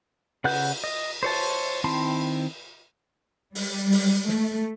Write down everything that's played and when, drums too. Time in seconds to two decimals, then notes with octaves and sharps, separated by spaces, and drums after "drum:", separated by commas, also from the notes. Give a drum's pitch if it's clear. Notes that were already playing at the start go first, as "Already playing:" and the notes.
0.44 C#3 B4 F#5 F#6 G6, drum: cymbal
0.84 D#5
1.23 C5 C#5 A5, drum: cymbal
1.84 D#3 C4 E4 A5 C6
3.55 G3, drum: open hi-hat
3.92 drum: open hi-hat
4.28 A3, drum: snare